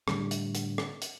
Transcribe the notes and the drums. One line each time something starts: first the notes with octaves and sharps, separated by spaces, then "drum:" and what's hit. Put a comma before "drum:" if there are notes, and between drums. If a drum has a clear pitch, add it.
A2 D3 G3, drum: rim click
drum: hi-hat
drum: hi-hat
drum: rim click
drum: hi-hat